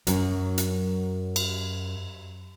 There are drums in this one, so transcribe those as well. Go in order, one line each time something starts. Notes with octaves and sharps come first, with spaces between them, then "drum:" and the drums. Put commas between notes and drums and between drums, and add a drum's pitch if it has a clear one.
F#2 F#3, drum: hi-hat
drum: hi-hat
drum: cymbal